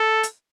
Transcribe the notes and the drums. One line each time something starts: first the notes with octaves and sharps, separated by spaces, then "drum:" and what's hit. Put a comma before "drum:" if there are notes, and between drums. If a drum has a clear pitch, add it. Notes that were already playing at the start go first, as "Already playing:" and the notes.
Already playing: A4
drum: hi-hat